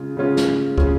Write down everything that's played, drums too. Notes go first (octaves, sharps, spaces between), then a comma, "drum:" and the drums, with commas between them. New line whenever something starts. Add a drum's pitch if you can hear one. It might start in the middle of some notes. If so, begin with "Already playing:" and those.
Already playing: C#3 G#3 F4
C#3 G#3 C#4 F4
drum: snare
C#3 G#3 C#4 F4, drum: kick